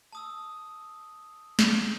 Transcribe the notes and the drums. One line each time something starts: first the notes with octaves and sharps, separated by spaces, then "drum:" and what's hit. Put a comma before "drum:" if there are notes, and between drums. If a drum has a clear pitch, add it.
A5 D#6 E6
drum: snare